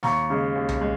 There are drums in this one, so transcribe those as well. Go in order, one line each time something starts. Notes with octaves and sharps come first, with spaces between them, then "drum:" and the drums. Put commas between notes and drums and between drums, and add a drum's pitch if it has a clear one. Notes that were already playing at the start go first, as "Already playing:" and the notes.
D#2 A#5 C#6, drum: snare
C#3 G#3
D#2
drum: tom C2
G#3